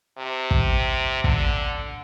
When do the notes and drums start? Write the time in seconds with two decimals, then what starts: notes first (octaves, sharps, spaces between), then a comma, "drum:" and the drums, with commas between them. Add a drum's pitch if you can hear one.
0.18 C3
0.51 drum: kick
1.24 D3, drum: kick